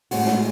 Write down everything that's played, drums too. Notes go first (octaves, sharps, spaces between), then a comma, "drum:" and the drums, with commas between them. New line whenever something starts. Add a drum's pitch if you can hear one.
A2 G#3 C#4 F#4, drum: open hi-hat
drum: snare